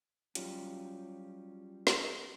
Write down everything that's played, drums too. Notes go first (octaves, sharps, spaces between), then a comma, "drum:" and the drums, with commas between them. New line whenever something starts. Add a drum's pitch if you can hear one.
F#3 G3 C#4 F4 G4, drum: hi-hat
drum: snare